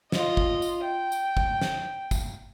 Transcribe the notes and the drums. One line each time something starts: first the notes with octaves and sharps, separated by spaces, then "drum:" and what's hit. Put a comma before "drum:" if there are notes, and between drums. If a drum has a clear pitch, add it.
F4 D#5, drum: snare
drum: kick
drum: tambourine
G5
drum: tambourine
drum: kick
drum: snare
drum: kick, tambourine